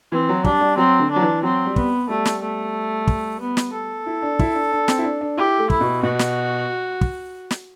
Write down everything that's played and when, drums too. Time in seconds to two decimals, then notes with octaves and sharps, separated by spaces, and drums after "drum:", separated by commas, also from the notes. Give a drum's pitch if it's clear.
0.12 E3 C4
0.29 F#3
0.44 G3 D4, drum: kick
0.61 G3
0.77 F#3 C4
1.00 D3
1.11 D4
1.16 F#3
1.21 E3
1.43 F#3 C4
1.66 G3
1.76 B3, drum: kick
2.09 G3 A3
2.25 drum: snare
2.42 A3
3.07 drum: kick
3.40 B3
3.57 drum: snare
3.73 A4
4.06 E4
4.22 D4
4.39 E4, drum: kick
4.55 D4
4.72 D4
4.88 C4, drum: snare
4.98 E4
5.04 D4
5.21 D4
5.37 E4 G4
5.59 A3
5.70 E4, drum: kick
5.81 B2
6.03 B2 F#4
6.19 drum: snare
7.01 drum: kick
7.51 drum: snare